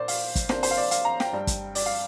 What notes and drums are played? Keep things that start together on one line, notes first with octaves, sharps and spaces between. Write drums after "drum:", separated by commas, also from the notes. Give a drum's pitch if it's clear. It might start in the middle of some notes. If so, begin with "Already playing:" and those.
Already playing: A#2 A#3 D4 C5 D5
F5, drum: open hi-hat
drum: kick, hi-hat
C3 A#3 D4 C5, drum: snare
C5, drum: open hi-hat
F5
D5
F5, drum: hi-hat
A#5
G5, drum: snare
G2 G3 D4
drum: kick, hi-hat
D5, drum: open hi-hat
F5